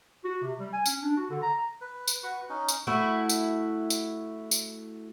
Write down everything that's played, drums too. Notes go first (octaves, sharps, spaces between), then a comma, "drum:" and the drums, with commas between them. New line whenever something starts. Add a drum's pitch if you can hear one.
F#4
C3
G3
G#5
C#4, drum: tambourine
D4
F#4
D3
A#5
B4
drum: tambourine
F#4 B4 C#6
C#4 D#4
drum: tambourine
A3 E4 F#4
drum: tambourine
drum: tambourine
drum: tambourine